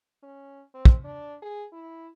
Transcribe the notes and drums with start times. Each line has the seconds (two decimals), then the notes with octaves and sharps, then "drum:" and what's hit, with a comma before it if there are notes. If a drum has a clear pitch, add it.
0.23 C#4
0.74 C4
0.85 drum: kick
1.04 D4
1.42 G#4
1.73 E4